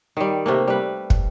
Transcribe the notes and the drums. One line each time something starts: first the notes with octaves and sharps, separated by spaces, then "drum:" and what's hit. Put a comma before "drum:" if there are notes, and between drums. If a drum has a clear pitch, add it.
D#3 G3
C3 A3 A#3
G3 B4
drum: kick